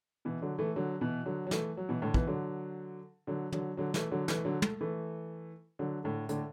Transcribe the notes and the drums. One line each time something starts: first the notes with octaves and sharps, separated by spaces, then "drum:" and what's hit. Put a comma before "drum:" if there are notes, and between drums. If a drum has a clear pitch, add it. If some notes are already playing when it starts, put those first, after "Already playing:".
B2 E3
D3 F#3
E3 A3
D3 F#3
B2 E3
D3 F#3
F#3
E3 A3, drum: snare
F#3
B2 E3
A2 D3
B2 E3, drum: kick
D3 F#3
D3 F#3
D3 F#3, drum: tom
D3 F#3
E3 A3, drum: snare
D3 F#3
E3 A3, drum: snare
D3 F#3
A3, drum: tom
E3 A3
D3 F#3
A2 D3
A2 D3, drum: hi-hat